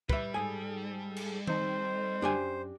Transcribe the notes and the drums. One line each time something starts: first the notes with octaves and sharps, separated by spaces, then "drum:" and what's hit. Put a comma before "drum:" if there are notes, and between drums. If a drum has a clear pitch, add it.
G3 B4 E5, drum: kick
G#2 G#4 A4 G#5
drum: cymbal
C4 D#4 A4 C5, drum: tom D#3
F#2 D4 G4 G#5